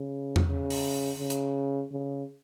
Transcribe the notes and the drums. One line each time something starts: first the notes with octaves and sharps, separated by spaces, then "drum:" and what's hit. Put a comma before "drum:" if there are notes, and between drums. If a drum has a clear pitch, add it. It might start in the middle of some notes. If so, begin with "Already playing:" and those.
Already playing: C#3
drum: tom E2
C#3
drum: open hi-hat
C#3
drum: hi-hat
C#3